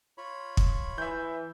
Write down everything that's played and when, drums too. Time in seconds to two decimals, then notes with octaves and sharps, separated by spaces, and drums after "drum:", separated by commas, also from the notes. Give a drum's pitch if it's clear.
0.18 F4 C#5 B5
0.57 drum: kick
0.98 E3 E5 G6